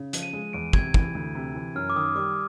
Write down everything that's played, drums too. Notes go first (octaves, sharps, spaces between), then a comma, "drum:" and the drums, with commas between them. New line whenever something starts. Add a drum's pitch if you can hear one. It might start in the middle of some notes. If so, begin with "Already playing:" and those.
Already playing: C#3
F3, drum: hi-hat
D#7
G#3
E2 D7
C3 G#6, drum: kick
E3, drum: kick
D2
C3
E3
F#2 F6
D6
D#3 D#6
G3 D6